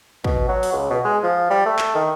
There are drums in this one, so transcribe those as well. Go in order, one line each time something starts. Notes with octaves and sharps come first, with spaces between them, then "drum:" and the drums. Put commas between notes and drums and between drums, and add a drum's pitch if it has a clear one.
B2, drum: kick
F#3
drum: open hi-hat
C#2
B2
G#3
F3
G3
A3
drum: clap
D#3